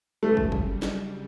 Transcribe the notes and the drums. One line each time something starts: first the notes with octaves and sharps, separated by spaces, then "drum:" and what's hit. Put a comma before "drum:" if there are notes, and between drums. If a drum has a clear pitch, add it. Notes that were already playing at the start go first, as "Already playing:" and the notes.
F#2 C#3 G3 A3
drum: kick
drum: kick
drum: snare